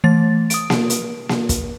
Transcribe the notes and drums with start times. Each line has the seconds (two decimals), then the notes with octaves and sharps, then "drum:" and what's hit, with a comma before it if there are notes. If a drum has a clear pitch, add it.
0.04 E3 A3 A6
0.50 D#6 D7, drum: hi-hat
0.70 drum: snare A#3
0.90 drum: hi-hat
1.29 drum: snare A#3
1.49 drum: kick, hi-hat